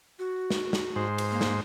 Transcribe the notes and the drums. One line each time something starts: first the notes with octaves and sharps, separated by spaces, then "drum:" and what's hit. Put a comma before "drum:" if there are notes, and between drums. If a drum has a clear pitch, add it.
F#4
drum: snare
drum: snare
G#2 C5
drum: cymbal
A#3
drum: snare